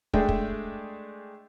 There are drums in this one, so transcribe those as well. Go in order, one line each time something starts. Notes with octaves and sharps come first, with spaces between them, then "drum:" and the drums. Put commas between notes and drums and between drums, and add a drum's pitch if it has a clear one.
G#3 A3 D4 G#4 G5, drum: kick
drum: kick